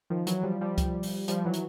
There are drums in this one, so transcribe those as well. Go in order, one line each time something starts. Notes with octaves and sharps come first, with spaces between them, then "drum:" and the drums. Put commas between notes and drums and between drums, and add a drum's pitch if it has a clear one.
D#3 F3
E3 F#3, drum: hi-hat
F3 G3
F3 G3
drum: kick C#2, hi-hat
drum: open hi-hat
F3 G3, drum: hi-hat
E3 F#3
drum: hi-hat